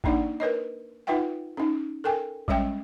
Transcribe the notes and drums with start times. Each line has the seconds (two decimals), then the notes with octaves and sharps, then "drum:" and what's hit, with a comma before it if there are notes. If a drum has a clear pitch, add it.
0.04 A#3 D4 D#4 D5 F#5, drum: kick A1
0.40 A#4 B4 C#5 D#5
1.07 D#4 F4 B4 E5 F#5 G5
1.57 C#4 D#4
2.04 A4 A#4 G5 G#5
2.48 G3 G#3 C#4 C#5 E5 G5, drum: kick A1